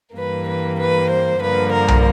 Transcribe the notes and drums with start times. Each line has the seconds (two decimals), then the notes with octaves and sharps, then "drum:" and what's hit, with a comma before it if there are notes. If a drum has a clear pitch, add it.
0.16 G2 E3 G3 A#3 B4
0.48 B4
0.79 B4
1.09 C5
1.41 G2 D3 F3 A#3 B4
1.72 A#4
1.88 drum: tom B1